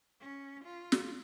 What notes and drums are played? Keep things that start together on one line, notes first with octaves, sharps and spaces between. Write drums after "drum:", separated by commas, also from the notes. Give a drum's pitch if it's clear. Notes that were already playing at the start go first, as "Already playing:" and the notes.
C#4
F4
drum: snare